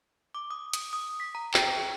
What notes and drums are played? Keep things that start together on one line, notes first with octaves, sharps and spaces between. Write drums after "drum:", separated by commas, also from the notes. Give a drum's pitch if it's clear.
D6
D#6
D#6, drum: hi-hat
D#6
B6
A#5
G5, drum: clap
G#4